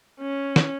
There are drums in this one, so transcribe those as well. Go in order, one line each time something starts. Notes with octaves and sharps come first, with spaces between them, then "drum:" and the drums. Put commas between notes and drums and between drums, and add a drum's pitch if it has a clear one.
C#4
drum: snare